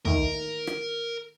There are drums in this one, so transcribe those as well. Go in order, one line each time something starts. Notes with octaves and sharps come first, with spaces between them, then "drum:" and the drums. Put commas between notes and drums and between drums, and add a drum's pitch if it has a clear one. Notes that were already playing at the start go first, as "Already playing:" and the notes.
D#3 A3 A#4, drum: tom
drum: rim click